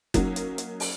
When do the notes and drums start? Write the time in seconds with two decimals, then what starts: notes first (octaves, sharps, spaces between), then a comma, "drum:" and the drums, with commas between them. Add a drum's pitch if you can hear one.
0.14 F#3 A#3 C#4 D#4 F#4, drum: kick F#1, hi-hat
0.36 drum: hi-hat
0.58 drum: hi-hat
0.80 drum: open hi-hat